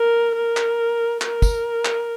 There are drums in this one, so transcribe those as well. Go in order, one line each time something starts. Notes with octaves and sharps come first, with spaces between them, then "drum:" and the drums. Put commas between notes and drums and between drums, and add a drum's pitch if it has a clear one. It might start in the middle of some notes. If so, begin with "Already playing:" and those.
Already playing: A#4
A#4
drum: clap
A#4, drum: clap
drum: kick, tambourine
drum: clap